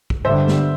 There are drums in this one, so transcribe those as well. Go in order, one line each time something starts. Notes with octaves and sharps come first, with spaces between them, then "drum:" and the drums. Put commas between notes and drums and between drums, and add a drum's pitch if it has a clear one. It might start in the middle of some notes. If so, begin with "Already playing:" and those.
drum: kick
G1 G2 D3 G3 C5 E5
drum: snare